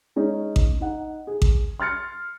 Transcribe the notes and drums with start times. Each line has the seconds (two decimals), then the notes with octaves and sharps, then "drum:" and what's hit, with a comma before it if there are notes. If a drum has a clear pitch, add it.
0.16 G#3 C#4 D#4
0.56 drum: kick A1
0.81 D#4 F#5
1.27 G#4
1.42 drum: kick A1
1.80 C6 F6 A6 C#7